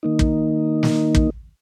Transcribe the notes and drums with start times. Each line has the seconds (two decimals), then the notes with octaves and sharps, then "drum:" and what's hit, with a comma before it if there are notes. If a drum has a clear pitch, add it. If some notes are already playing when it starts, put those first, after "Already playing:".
0.03 D#3 A#3 D#4
0.19 drum: kick
0.83 drum: snare
1.15 drum: kick